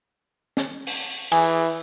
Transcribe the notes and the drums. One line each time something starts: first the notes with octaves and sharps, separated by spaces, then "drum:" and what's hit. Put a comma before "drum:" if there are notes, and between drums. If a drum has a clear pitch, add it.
drum: snare
drum: open hi-hat
E3 G#4, drum: cymbal